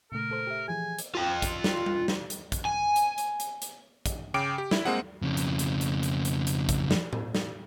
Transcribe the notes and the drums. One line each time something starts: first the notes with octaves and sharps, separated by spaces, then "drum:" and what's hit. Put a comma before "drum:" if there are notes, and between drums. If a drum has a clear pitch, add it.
A#2 C#3 A3 A#4
A#2 A4 C5
G4 E5
E3 F3 G#4 G#5
drum: hi-hat
F4 G5
drum: kick, hi-hat
drum: snare
drum: tom G3
drum: snare
drum: hi-hat
drum: kick, hi-hat
G#5
drum: hi-hat
drum: hi-hat
drum: hi-hat
drum: hi-hat
drum: kick, hi-hat
C#3 G5 D6 D7
G4
E4, drum: snare
G#3 A#3 C4 G#4 F#5
F2 C#3
drum: hi-hat
drum: hi-hat
drum: hi-hat
drum: hi-hat
drum: hi-hat
drum: hi-hat
drum: kick, hi-hat
drum: snare
drum: tom A2
drum: snare